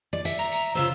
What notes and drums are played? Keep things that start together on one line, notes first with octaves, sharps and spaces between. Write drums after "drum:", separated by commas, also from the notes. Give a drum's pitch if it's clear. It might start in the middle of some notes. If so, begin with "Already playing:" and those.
D5
E5, drum: tambourine
A#5
drum: tambourine
C#3 F4 C5 E6